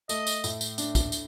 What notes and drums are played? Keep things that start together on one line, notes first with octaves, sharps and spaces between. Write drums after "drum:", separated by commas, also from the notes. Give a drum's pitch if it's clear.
A3 D#5, drum: tambourine
drum: tambourine
A2, drum: tambourine
drum: tambourine
D4, drum: tambourine
drum: kick, tambourine
drum: tambourine